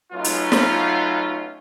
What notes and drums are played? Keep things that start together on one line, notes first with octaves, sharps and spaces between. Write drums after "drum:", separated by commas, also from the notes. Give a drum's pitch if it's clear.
F#3 A3 B3 C#4 D#4 F4
drum: hi-hat
drum: snare